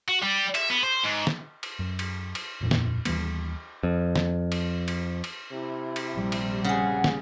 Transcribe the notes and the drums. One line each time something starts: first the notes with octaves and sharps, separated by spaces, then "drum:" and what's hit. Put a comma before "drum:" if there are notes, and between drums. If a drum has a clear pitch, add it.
F#4
G3
E5, drum: cymbal
B3
C5
G#2
drum: snare
drum: cymbal
F#2
drum: cymbal
drum: cymbal
D#1 F2 A#2
drum: snare
D#2 E3 G3 B3, drum: cymbal
F2
drum: snare
drum: cymbal
drum: cymbal
drum: cymbal
C3 E4
drum: cymbal
A#1 G3
drum: cymbal
C#3 G#4 F#5
drum: snare